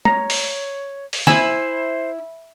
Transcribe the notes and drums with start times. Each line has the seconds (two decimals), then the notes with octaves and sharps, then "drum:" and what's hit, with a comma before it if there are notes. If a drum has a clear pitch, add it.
0.05 C#5 A#5, drum: tom
0.30 drum: open hi-hat
1.13 drum: open hi-hat
1.27 E4 C5 G#5, drum: snare